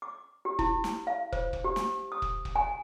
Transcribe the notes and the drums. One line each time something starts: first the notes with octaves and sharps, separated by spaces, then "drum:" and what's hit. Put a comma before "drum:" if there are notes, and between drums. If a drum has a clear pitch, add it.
D6
G4
E4, drum: kick
drum: snare
F5
C5, drum: kick
drum: kick
G4
drum: snare
D#6
drum: kick
drum: kick
G#5